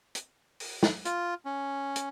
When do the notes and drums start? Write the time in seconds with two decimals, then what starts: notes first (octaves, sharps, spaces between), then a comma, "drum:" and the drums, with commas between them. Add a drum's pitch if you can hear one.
0.15 drum: hi-hat
0.60 drum: open hi-hat
0.83 drum: snare
1.05 F4, drum: hi-hat
1.45 C#4
1.96 drum: hi-hat